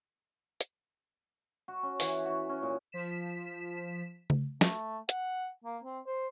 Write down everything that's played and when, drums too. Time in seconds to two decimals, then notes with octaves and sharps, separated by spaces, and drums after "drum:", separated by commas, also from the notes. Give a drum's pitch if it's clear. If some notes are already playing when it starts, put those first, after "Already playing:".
0.61 drum: hi-hat
1.68 F#4
1.83 C#4
2.00 E3, drum: open hi-hat
2.26 F#4
2.49 C#4
2.63 A#2
2.92 F3 B6 E7
4.30 drum: tom C#3
4.61 A3, drum: snare
5.09 F#5, drum: hi-hat
5.64 A#3
5.84 C4
6.06 C5